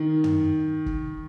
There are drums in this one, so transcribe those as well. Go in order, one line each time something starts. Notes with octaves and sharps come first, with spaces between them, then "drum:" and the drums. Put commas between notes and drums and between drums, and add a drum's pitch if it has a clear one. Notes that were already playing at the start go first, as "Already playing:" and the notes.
Already playing: D#3
drum: tom
drum: kick